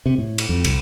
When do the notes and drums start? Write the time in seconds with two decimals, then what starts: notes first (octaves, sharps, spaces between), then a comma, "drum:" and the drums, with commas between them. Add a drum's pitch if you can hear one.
0.06 C3
0.18 A2
0.38 drum: cymbal
0.49 F2
0.64 C2, drum: cymbal